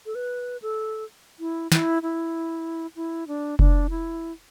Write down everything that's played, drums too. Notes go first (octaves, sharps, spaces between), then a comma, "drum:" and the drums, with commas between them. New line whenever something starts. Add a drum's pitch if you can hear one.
A4
B4
A4
E4
E4, drum: snare
E4
E4
D4
D4, drum: kick F1
E4